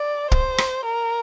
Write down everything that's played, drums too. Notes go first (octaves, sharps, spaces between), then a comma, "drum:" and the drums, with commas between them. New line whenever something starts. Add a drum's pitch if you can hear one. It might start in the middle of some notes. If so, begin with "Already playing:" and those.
Already playing: D5
C5, drum: kick
drum: rim click
A#4